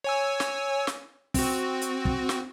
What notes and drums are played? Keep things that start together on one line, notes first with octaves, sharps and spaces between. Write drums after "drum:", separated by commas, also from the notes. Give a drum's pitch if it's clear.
C#5 G#5 E6
drum: snare
drum: snare
C4 F#4, drum: kick, open hi-hat
drum: hi-hat
drum: kick
drum: snare